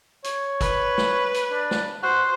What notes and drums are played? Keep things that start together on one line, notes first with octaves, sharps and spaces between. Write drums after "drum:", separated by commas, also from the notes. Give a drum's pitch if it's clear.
C#5, drum: hi-hat
B4, drum: kick, hi-hat
drum: snare
drum: hi-hat
D4
drum: snare
F#4 C5